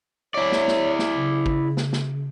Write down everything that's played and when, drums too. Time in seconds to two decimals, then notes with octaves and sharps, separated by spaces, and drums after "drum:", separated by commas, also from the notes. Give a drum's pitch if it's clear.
0.34 E4 C#5 D5
0.52 drum: snare
0.68 drum: snare
0.99 drum: snare
1.15 C#3
1.46 drum: kick
1.77 drum: snare
1.93 drum: snare